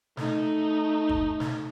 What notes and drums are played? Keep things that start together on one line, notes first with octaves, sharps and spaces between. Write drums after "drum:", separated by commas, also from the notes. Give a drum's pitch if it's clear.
A3 D#4, drum: snare
drum: kick
drum: snare